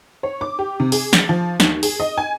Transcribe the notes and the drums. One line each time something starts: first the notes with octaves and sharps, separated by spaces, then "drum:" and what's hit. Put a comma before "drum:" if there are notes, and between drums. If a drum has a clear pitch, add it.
C#5
D6
G4
C3
G#4, drum: open hi-hat
A6, drum: snare
F3
D#2, drum: snare
G#4, drum: open hi-hat
D#5
G#5